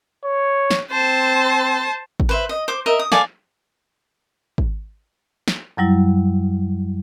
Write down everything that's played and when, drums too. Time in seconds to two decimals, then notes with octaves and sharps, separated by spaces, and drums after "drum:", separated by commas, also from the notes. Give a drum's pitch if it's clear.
0.24 C#5
0.71 drum: snare
0.91 C4 C5 A5
2.20 drum: kick G#1
2.29 B4 C5 E5
2.49 D#5
2.68 C5 D6
2.86 A#4 D#5 E5 A#5
2.99 D#6
3.12 A4 D5 F5 G#5, drum: snare
4.58 drum: kick G#1
5.48 drum: snare
5.77 F#2 F#3 G3 E4